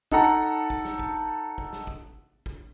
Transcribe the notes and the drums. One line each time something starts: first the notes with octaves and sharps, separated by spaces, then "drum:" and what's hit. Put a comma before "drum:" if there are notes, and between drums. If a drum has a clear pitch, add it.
D#4 A4 F#5 A#5, drum: kick
drum: kick
drum: snare
drum: kick
drum: kick
drum: snare
drum: kick
drum: kick